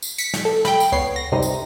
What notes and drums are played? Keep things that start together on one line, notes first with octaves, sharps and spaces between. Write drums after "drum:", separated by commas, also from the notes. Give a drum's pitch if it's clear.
drum: tambourine
B6 C#7, drum: tambourine
drum: snare
A4
G5 B5, drum: snare
drum: tambourine
C#2 B3 C#5 C7
A#6
F#2 C3 G3 D#4
drum: tambourine